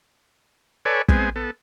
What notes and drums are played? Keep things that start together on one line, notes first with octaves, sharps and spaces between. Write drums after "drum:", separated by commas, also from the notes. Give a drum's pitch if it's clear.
A4 B4 C#5 D5 G#5
G#3 B3 C4 G#5, drum: kick
B3 A4